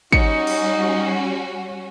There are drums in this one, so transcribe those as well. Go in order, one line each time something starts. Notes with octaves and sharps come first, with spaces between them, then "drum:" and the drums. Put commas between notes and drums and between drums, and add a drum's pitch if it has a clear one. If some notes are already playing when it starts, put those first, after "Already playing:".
G3 C#4 D#4 F#4 C#7, drum: kick
drum: cymbal